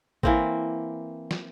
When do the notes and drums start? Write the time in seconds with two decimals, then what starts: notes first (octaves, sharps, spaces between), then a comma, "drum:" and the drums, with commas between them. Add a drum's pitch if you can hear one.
0.23 E3 A#3 C4, drum: kick A1
1.31 drum: snare